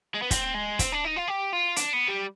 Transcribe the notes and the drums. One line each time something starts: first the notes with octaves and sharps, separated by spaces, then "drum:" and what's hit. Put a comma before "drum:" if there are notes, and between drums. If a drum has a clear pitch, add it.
G#3
B3
C4, drum: kick, hi-hat
G#3
C4, drum: kick, hi-hat
D4
D#4
F4
G4
F4
D4, drum: hi-hat
B3
G3